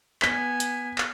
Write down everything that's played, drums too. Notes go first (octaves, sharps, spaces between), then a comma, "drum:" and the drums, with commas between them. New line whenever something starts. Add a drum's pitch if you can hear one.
B3 G#5 B6, drum: clap
drum: hi-hat
drum: clap